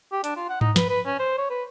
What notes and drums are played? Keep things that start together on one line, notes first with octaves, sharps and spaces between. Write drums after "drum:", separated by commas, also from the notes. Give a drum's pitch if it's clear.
G4
D4, drum: hi-hat
F4
F#5
D#4, drum: tom G#2
B4, drum: snare
B4
C#4
C5
C#5
B4